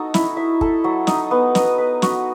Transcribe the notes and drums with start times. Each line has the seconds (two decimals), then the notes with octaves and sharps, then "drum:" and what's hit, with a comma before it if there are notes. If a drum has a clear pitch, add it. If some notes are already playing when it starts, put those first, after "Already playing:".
Already playing: D#4 F#4 A4
0.14 E4, drum: snare
0.37 E5
0.61 A4, drum: kick
0.84 F#3
1.07 D#4, drum: snare
1.31 B3
1.55 D#5, drum: snare
1.78 B4
2.02 F#4, drum: snare